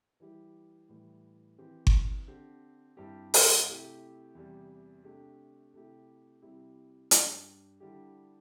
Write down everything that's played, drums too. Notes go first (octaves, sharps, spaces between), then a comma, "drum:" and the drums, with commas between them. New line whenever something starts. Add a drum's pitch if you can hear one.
E3 G3 E4 G4
A2 E3 G3
E3 C4 G4
drum: kick G1
D3 C4 G4
G2 G3 C4 E4 G4
drum: open hi-hat
C3 A3 E4 G4
E2 C3 G3
C3 A3 D4 G4
C3 A3 E4 G4
C3 G3 C4 E4 G4
G2 G3 D4 G4, drum: hi-hat
D3 G3 E4 G4